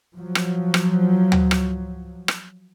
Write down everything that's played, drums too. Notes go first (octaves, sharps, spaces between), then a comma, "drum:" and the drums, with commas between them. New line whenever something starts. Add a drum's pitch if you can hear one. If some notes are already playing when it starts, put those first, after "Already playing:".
F3 F#3
drum: rim click
drum: rim click
drum: tom D2
drum: rim click
drum: rim click